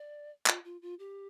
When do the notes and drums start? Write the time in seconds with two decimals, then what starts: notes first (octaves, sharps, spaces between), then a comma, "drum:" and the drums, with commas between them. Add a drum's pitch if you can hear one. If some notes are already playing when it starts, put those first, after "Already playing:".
Already playing: D5
0.46 F4, drum: clap
0.65 F4
0.82 F4
0.99 G4